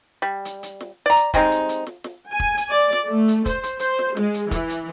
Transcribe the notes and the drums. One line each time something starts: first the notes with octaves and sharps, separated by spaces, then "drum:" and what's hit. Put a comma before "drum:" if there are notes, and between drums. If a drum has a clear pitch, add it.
G3
drum: hi-hat
drum: hi-hat
drum: snare
D5 A#5
drum: hi-hat
G3 G#3 C4 D#4, drum: kick, hi-hat
drum: hi-hat
drum: hi-hat
drum: snare
drum: snare
G#5
drum: kick
drum: hi-hat
D5
drum: snare
A3
drum: hi-hat
C5, drum: kick, hi-hat
drum: hi-hat
C5, drum: hi-hat
drum: snare
G#3, drum: snare
drum: hi-hat
E3, drum: kick, hi-hat
drum: hi-hat